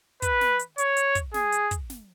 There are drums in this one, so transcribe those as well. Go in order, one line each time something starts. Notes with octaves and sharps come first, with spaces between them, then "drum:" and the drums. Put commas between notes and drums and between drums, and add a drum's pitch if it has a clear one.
B4, drum: kick, hi-hat
drum: snare
drum: hi-hat
C#5, drum: hi-hat
drum: hi-hat
drum: kick, hi-hat
G#4, drum: snare
drum: hi-hat
drum: kick, hi-hat
drum: snare